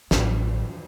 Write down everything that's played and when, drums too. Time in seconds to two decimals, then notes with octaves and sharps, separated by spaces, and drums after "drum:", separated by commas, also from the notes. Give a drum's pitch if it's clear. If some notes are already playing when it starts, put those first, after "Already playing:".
0.11 A1 E2, drum: snare